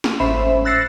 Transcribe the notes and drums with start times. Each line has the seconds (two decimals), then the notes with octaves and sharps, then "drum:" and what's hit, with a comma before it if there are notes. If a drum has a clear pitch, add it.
0.04 drum: snare
0.20 G#1 A2 C#4 C5 E5 B5
0.65 E6 F#6 A6 A#6 C7 C#7